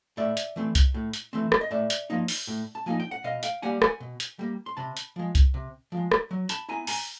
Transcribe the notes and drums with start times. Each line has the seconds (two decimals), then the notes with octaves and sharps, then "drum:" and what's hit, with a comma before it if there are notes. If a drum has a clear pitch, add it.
0.17 A2 D5 E5
0.37 drum: hi-hat
0.56 E3 A3 C4
0.75 drum: kick C2, hi-hat
0.94 A2
1.13 drum: hi-hat
1.33 E3 A3 C4
1.52 drum: rim click
1.61 D#5
1.71 A2 D5 E5
1.90 drum: hi-hat
2.10 F3 A#3 D#4
2.28 drum: open hi-hat
2.47 A2
2.75 A5
2.86 F3 A#3 D#4 G#5
3.00 G5
3.11 F#5
3.24 B2 D#5 F5
3.43 F5 G5, drum: hi-hat
3.62 G3 A#3 F#5 G#5
3.82 F#5 G#5, drum: rim click
4.00 B2
4.20 drum: hi-hat
4.39 G3 A#3
4.66 C6
4.77 C3 A5 B5
4.97 drum: hi-hat
5.16 F3 G#3
5.35 drum: kick C2, hi-hat
5.54 C3
5.92 F3 G#3
6.12 drum: rim click
6.31 F#3
6.49 A5 B5, drum: hi-hat
6.69 B3 E4 G#5 A#5
6.87 G#5 A#5, drum: open hi-hat